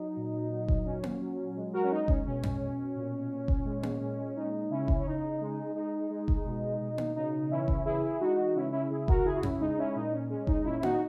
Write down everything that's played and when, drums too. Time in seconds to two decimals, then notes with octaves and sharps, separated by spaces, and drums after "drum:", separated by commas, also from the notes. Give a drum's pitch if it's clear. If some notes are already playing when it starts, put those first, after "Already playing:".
Already playing: F#3 D#4
0.17 A#2
0.51 F#3
0.68 drum: kick F#1
0.85 A#2 C#4
1.03 drum: tom A#3
1.20 F#3
1.56 G#3
1.73 F#4 A#4
1.84 C#4
1.91 G#3 D#4
2.08 C#4, drum: kick F#1
2.26 B2 C#4
2.43 drum: tom F2
2.61 B2
2.96 A#2
3.31 A#2
3.48 drum: kick F#1
3.65 G#3
3.83 drum: tom A#3
4.01 A#2
4.36 G#3 D#4
4.70 C#3 C#4 E4
4.88 drum: kick F#1
5.00 C#4
5.06 C#3 D#4
5.41 G#3
5.75 G#3 D#4
6.10 G#3
6.28 drum: kick F#1
6.46 B2
6.81 B2
6.98 drum: tom A#3
7.16 C#3 D#4
7.50 E3 C#4 E4
7.68 drum: kick F#1
7.85 E3 E4 G#4
8.20 G#3 D#4 F#4
8.56 C#3 C#4 E4
8.72 C#4 E4
8.90 C#3 E4 G#4
9.08 F#4 A#4, drum: kick F#1
9.25 C#3 E4 G#4
9.35 F#4
9.43 C#4 E4, drum: tom F2
9.60 G#3 D#4
9.78 C#4 E4
9.95 A#2 D#4
10.13 C#4
10.30 G#3 C#4
10.47 D#4, drum: kick F#1
10.65 A#2 C#4 E4
10.83 D#4 F#4, drum: tom A#3